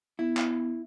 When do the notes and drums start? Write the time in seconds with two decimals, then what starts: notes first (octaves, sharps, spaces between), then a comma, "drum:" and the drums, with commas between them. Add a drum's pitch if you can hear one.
0.19 B3 E4
0.37 drum: clap